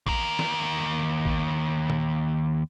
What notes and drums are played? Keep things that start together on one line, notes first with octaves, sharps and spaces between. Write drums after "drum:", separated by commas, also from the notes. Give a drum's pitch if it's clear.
D#2 A#4, drum: kick
drum: snare
drum: kick
drum: tom A#2